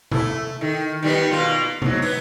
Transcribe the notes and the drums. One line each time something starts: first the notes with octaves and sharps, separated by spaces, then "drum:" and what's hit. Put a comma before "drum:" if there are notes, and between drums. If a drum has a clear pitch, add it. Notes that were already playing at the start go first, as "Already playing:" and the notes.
A3 E4, drum: tom C3
D#3
D#3 G3 B3
B2 A#3 F4
G#2 F#3, drum: tom C3
B3, drum: open hi-hat